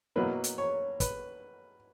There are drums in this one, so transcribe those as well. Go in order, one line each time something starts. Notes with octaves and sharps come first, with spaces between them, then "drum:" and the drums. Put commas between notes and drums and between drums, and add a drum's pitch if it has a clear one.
B2 F#3 A#3 E4 B4
drum: hi-hat
C#5
B4, drum: kick, hi-hat